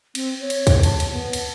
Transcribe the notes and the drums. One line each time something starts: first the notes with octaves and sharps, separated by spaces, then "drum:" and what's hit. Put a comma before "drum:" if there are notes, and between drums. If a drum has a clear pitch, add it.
C4, drum: cymbal
C#5
drum: cymbal
drum: kick, cymbal
A5, drum: cymbal
drum: cymbal
B3
drum: cymbal